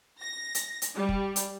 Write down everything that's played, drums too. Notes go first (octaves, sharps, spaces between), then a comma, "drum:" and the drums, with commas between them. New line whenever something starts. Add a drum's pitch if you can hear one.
A#6
drum: hi-hat
drum: hi-hat
G3
drum: kick
drum: hi-hat